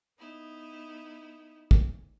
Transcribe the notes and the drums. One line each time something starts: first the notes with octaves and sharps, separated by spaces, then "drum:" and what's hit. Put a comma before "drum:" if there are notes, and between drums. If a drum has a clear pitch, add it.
B3 D#4 E4
drum: kick